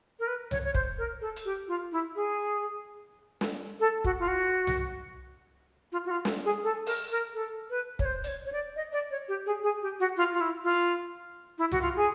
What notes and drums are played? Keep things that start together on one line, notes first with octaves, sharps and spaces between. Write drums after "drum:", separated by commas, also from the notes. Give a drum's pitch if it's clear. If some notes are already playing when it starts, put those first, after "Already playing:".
A#4
B4
C#5, drum: tom C2
C#5
C5, drum: kick
A#4
A4
drum: hi-hat
G4
F4
E4
G#4
drum: snare
A4
F#4, drum: kick
F4
F#4
drum: tom C2
F4
F#4
F4
drum: snare
G#4
A4
A#4, drum: open hi-hat
A#4
A4
B4
C#5, drum: kick
C5
D5, drum: hi-hat
C#5
C#5
D5
D#5
D5
C#5
G4
G#4
G#4
G4
F#4
F4
F4
E4
F4
E4
F#4, drum: tom C2
F4
G#4